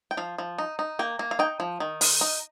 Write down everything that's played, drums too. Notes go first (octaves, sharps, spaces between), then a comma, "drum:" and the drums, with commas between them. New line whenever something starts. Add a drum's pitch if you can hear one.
G5
F3 F5
F3
D#4
D#4
A#3 G5
A#3
F5
D#4 G5
F3
D#3
D#4, drum: open hi-hat
D#4